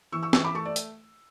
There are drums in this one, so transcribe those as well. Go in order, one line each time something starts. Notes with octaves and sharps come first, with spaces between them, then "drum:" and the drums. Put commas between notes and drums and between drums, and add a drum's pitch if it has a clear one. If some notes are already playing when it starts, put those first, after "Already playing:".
E3 C#6 E6
C#6 E6
E3 C#6 E6, drum: snare
B5 D6
A3 A5 C#6
D5
drum: hi-hat